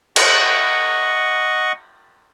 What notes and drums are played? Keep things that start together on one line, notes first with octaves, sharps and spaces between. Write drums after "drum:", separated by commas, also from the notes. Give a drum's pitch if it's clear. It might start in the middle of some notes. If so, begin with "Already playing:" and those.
D#5 F#5 C#6, drum: cymbal